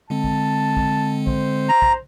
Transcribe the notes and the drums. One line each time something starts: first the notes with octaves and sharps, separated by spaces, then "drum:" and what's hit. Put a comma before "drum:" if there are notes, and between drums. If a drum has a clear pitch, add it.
D3 G#3 C4 A5
drum: kick A#1
drum: kick A#1
C5, drum: kick A#1
A#5
drum: kick A#1